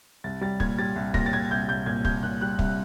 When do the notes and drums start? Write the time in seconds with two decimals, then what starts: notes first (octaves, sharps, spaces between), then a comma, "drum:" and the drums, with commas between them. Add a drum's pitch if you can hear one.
0.24 C2 A6
0.41 G3 A6
0.60 A#2 G#6, drum: kick
0.78 G3 A6
0.96 C2
1.14 A#2 A#6, drum: kick
1.26 A6
1.33 A#2 G#6
1.51 C2 G6
1.69 C2 G6
1.86 A#2 G#6
2.05 C2 G6, drum: kick
2.23 A#2 F#6
2.41 G3 F#6
2.59 C2, drum: kick